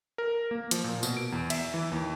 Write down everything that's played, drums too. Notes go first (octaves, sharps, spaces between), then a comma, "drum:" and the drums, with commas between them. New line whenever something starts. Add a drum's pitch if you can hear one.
A#4
A#3
F3, drum: hi-hat
A#2
B2, drum: tambourine
D7
E2
E5, drum: cymbal
E3
D#2